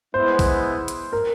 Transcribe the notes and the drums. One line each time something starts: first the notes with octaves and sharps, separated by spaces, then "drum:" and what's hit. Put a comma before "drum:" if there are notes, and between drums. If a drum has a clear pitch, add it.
G#3 B3 E4 C5
drum: kick, open hi-hat
drum: hi-hat
A#4